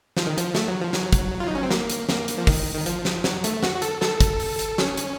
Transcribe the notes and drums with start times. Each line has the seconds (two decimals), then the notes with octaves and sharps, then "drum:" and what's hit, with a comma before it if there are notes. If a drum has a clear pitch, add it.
0.17 F3, drum: snare
0.27 D#3
0.38 F3, drum: hi-hat
0.55 A3, drum: snare
0.68 F#3
0.81 F3
0.93 F#3, drum: snare
1.13 drum: kick, hi-hat
1.40 F4
1.48 D#4
1.55 C#4
1.63 C4
1.71 A#3, drum: snare
1.90 drum: hi-hat
2.09 A#3, drum: snare
2.28 drum: hi-hat
2.38 F3
2.47 D#3, drum: kick, open hi-hat
2.75 D#3
2.86 F3, drum: hi-hat
3.05 drum: snare
3.24 F#3, drum: snare
3.44 A3, drum: hi-hat
3.63 F#4, drum: snare
3.75 F#4
3.82 A4, drum: hi-hat
4.02 A4, drum: snare
4.21 drum: kick, hi-hat
4.40 drum: open hi-hat
4.59 drum: hi-hat
4.78 C#4, drum: snare
4.98 drum: hi-hat